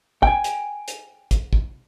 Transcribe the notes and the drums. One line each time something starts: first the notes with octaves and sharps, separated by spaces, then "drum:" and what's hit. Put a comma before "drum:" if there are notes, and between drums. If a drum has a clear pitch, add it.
G5 G#5, drum: kick
drum: hi-hat
drum: hi-hat
drum: kick, hi-hat
drum: kick